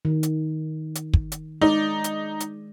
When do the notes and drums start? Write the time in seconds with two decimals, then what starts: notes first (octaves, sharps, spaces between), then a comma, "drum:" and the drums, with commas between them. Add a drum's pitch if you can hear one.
0.05 D#3
0.23 drum: hi-hat
0.95 drum: hi-hat
1.14 drum: kick
1.32 drum: hi-hat
1.61 G#3 D#4 D5
2.04 drum: hi-hat
2.40 drum: hi-hat